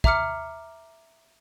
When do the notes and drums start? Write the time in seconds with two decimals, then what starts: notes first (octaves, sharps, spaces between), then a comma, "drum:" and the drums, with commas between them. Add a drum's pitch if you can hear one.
0.04 E5 A#5 D6 F6 C#7, drum: kick